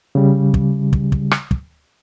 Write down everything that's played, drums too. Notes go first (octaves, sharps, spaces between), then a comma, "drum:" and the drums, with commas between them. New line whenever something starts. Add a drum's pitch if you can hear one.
C#3 G3
drum: kick
drum: kick
drum: kick
drum: rim click
drum: kick